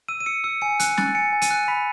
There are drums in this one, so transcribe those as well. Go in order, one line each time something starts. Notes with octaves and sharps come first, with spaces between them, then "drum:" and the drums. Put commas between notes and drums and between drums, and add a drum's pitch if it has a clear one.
E6 D#7
D#7
E6 C#7
E6 C#7
G#5 C#7
F#6, drum: hi-hat
F#6 A6, drum: snare
G#5 C#7
G#5
D#7, drum: hi-hat
F#6
B5 B6